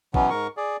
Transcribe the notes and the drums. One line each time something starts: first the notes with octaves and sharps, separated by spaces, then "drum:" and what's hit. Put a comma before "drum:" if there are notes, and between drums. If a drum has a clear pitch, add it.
B2 E3 F#3 B3 C#4, drum: kick
G#2 A#4 C#6
G#4 D5